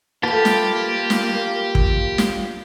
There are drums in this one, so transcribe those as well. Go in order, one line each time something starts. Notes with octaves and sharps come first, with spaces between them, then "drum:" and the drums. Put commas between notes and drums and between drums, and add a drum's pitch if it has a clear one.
G3 A3 A#3 F4 G4 B4 A5
drum: snare
drum: snare
drum: kick
drum: snare